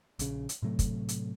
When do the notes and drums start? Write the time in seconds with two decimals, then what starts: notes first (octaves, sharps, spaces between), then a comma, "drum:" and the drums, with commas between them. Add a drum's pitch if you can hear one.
0.19 A#1 C#3, drum: hi-hat
0.49 drum: hi-hat
0.62 A2 C3 F#3 A3
0.79 drum: kick, hi-hat
1.09 drum: hi-hat